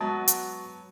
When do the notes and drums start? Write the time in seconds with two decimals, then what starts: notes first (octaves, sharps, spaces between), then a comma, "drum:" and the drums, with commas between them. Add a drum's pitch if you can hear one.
0.01 F#3 G#3 B3 F#4 A5
0.28 drum: hi-hat